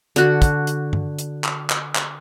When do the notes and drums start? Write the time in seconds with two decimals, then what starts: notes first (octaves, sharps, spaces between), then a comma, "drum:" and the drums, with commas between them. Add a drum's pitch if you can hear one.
0.16 D3 F#4, drum: hi-hat
0.42 drum: kick, hi-hat
0.67 drum: hi-hat
0.93 drum: tom G2
1.19 drum: hi-hat
1.44 drum: clap
1.70 drum: clap
1.95 drum: clap